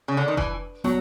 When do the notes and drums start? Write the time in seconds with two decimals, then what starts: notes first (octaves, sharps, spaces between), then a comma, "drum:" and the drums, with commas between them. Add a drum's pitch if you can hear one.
0.08 C#3
0.17 D3
0.28 D#3
0.37 E3, drum: kick F1
0.84 F#3 G3 B3, drum: snare